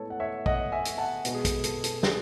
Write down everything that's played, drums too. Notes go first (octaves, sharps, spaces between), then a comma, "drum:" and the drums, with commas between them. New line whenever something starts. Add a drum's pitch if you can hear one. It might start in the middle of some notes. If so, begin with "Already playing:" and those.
Already playing: A2 G#3 B3 A4 C#5
F#5
C#5 E5
D#5 F#5, drum: kick
E5 G#5
drum: hi-hat
F#5 A5
B2 G#3 B3, drum: hi-hat
G#4
A4, drum: kick, hi-hat
A4, drum: hi-hat
A4, drum: hi-hat
G#4 B4, drum: snare